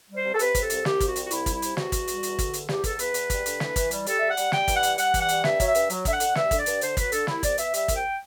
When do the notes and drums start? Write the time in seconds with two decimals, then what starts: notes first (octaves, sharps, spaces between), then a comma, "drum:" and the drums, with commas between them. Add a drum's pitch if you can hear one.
0.08 G3
0.17 C5
0.24 C3
0.33 A4
0.39 C3 B4, drum: hi-hat
0.55 C3, drum: kick, hi-hat
0.62 A4
0.70 C2, drum: hi-hat
0.85 C2 G4, drum: snare
1.00 C2, drum: kick, hi-hat
1.08 F#4
1.16 G3, drum: hi-hat
1.25 F#4
1.31 C2 E4, drum: hi-hat
1.46 G3, drum: kick, hi-hat
1.54 E4
1.62 C3, drum: hi-hat
1.77 E2 F#4, drum: snare
1.92 E2, drum: kick, hi-hat
2.07 G3, drum: hi-hat
2.23 E2, drum: hi-hat
2.39 D3, drum: kick, hi-hat
2.53 E2, drum: hi-hat
2.69 E2 G4, drum: snare
2.84 E2 A4, drum: kick, hi-hat
2.99 E2 B4, drum: hi-hat
3.14 E2, drum: hi-hat
3.30 G3, drum: kick, hi-hat
3.46 D3, drum: hi-hat
3.60 E3, drum: snare
3.76 E3, drum: kick, hi-hat
3.91 G3, drum: hi-hat
4.06 G3 A4, drum: hi-hat
4.18 G3 E5
4.29 F#5
4.37 G3, drum: hi-hat
4.52 G3 G5, drum: snare
4.68 E3, drum: kick, hi-hat
4.75 F#5
4.83 G3, drum: hi-hat
4.98 G3 F#5, drum: hi-hat
5.14 E3, drum: kick, hi-hat
5.21 F#5
5.28 G3, drum: hi-hat
5.44 G2 E5, drum: snare
5.60 F#3, drum: kick, hi-hat
5.67 E5
5.75 G2, drum: hi-hat
5.90 F#3, drum: hi-hat
6.05 D3 E5, drum: kick, hi-hat
6.13 F#5
6.20 D3, drum: hi-hat
6.35 G2 E5, drum: snare
6.51 D3, drum: kick, hi-hat
6.58 D5
6.66 G2, drum: hi-hat
6.81 D3 C5, drum: hi-hat
6.97 F#3 B4, drum: kick, hi-hat
7.12 D3 A4, drum: hi-hat
7.27 C2 E4, drum: snare
7.43 C2 D5, drum: kick, hi-hat
7.58 B2 E5, drum: hi-hat
7.74 G3 E5, drum: hi-hat
7.88 C2, drum: kick, hi-hat
7.96 G5